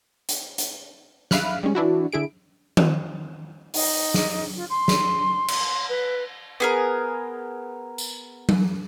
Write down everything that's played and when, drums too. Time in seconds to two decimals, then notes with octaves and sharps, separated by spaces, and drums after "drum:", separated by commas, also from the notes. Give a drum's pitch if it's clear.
0.29 drum: hi-hat
0.58 drum: hi-hat
1.31 E5 F5 B5 F6 F#6, drum: snare
1.63 G3 G#3 C#4
1.75 E3 D4 E4 F#4
2.13 D3 E4 G#4 D7
2.77 drum: tom D#3
3.74 D#4, drum: open hi-hat
4.14 drum: snare
4.56 F4
4.70 C6
4.88 drum: snare
5.48 drum: cymbal
5.89 B4
6.60 B3 G#4 A#4
7.98 drum: tambourine
8.49 drum: tom F#3